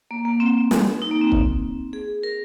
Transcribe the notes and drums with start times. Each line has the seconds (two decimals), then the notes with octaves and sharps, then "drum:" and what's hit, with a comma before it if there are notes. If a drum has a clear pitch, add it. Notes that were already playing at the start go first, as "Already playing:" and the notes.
0.11 A#3
0.25 A#3
0.40 C4
0.71 drum: snare
1.02 D#4
1.11 A#3
1.21 C4
1.32 drum: kick
1.93 G#4
2.23 A#4